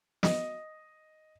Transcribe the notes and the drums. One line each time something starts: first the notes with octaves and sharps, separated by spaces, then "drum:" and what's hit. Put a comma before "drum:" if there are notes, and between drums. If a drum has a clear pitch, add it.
D#5, drum: snare